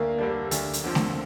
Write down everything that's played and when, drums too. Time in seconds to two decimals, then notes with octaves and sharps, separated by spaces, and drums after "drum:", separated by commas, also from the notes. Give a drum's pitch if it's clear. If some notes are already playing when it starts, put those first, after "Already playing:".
Already playing: D2 A#3
0.18 D3 G3 D4
0.51 D2, drum: hi-hat
0.73 drum: hi-hat
0.84 D3 F3 C4
0.95 drum: snare